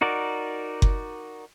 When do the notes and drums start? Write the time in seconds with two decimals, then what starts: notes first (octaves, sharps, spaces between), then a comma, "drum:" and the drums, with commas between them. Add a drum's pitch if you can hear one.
0.01 D#4 F#4 A#4 D5
0.82 drum: kick F#1